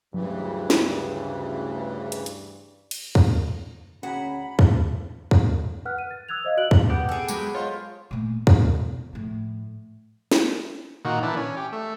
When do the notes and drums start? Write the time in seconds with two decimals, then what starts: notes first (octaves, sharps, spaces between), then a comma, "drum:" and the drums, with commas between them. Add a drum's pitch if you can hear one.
0.14 D2 G2 C#3 E3 F#3
0.70 drum: snare
2.12 drum: hi-hat
2.26 drum: hi-hat
2.91 drum: cymbal
3.15 drum: kick
4.03 D2 C#4 F#4 G#4 F#5 G#5 A#5 B5
4.59 drum: kick
5.31 drum: kick
5.85 B4 F#5 F6 F#6
5.98 D#7
6.11 A6
6.29 D#6 E6 F#6 G#6 F7
6.44 C5 D#5 F5
6.57 F#4 D5 F#6 D7 F#7
6.71 drum: kick
6.90 B3 G4 F#5
7.09 G#4 A4
7.28 F#3 G#3 F#4 B5, drum: tambourine
7.54 F4 C5 C#5 D#5 C#6
8.11 A#2 A3
8.47 E3, drum: kick
8.65 B2
9.13 A2 F3
10.32 drum: snare
11.05 A#2 D#3 F#4
11.23 E3 D4
11.37 C#4
11.57 G4
11.72 A3